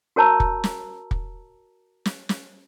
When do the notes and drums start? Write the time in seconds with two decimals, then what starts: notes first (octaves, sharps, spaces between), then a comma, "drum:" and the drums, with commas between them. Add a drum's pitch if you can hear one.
0.16 F#4 A#4 C#5 A5 A#5 E6
0.40 drum: kick
0.64 drum: snare
1.11 drum: kick
2.05 drum: snare
2.29 drum: snare